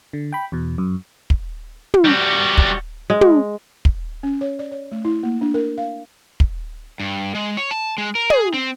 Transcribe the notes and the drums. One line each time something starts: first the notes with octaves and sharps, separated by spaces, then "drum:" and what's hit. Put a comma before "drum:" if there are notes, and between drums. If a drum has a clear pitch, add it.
D3
G5 B5
E2 B2
F#2
drum: kick
drum: tom
G3 F#4
drum: kick
G#3
drum: tom
drum: kick
C#4
C#5
D5
C#5
A3
E4
A#3
D4
A#4
F5
drum: kick
G2
G#3
C#5
A5
G#3
A#4
G#4, drum: tom
C4